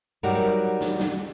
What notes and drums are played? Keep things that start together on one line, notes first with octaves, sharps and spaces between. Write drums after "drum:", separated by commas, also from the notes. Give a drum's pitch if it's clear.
F#3 G3 D#4 F#4 G4 A#4
drum: snare
drum: snare